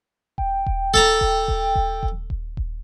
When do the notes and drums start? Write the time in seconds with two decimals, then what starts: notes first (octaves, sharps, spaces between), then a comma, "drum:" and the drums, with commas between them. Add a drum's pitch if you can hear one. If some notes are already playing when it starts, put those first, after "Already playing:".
0.38 G5, drum: kick D#1
0.66 drum: kick D#1
0.94 A4 A5 A#5, drum: kick D#1
1.21 drum: kick D#1
1.48 drum: kick D#1
1.75 drum: kick D#1
2.03 drum: kick D#1
2.30 drum: kick D#1
2.57 drum: kick D#1